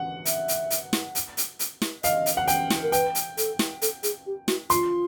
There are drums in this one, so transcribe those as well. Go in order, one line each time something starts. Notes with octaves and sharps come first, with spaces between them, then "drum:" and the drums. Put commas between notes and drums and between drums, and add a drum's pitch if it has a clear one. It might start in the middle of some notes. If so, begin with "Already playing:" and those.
Already playing: F#5
E5, drum: hi-hat
drum: hi-hat
drum: hi-hat
drum: snare
drum: hi-hat
drum: hi-hat
drum: hi-hat
drum: snare
D#5 F5, drum: hi-hat
drum: hi-hat
F#5
G5, drum: hi-hat
drum: snare
A#4
B4 G5, drum: hi-hat
drum: hi-hat
A4, drum: hi-hat
drum: snare
A4, drum: hi-hat
G#4, drum: hi-hat
G4
F#4, drum: snare
F4 C6, drum: hi-hat